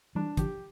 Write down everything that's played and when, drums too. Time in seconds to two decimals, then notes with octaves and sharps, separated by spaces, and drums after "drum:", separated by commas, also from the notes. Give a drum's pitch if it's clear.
0.15 E3 G3 D4
0.37 D3 F3 G4, drum: kick, hi-hat